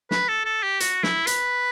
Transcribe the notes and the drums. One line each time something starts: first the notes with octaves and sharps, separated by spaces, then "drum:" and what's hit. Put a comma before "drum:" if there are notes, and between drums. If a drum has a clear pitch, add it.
B4, drum: snare
A4
A4
G4
F#4, drum: hi-hat
E4, drum: snare
B4, drum: hi-hat